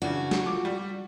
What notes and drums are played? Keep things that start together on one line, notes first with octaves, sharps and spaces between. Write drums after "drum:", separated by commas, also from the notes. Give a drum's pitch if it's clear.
C#3 E3 D4 F#4
drum: snare
F3 D6
G3